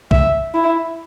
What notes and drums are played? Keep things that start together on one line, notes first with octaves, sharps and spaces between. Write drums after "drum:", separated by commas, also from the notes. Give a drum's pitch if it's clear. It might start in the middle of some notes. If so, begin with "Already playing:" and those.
E5, drum: kick
E4